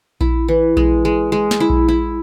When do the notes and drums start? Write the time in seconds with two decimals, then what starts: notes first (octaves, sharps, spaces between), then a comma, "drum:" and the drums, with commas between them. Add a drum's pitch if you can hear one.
0.21 E4, drum: kick A#1
0.48 E3
0.77 G#3, drum: kick A#1
1.05 G#3
1.32 G#3
1.51 drum: snare
1.60 E4
1.70 drum: kick A#1
1.88 E4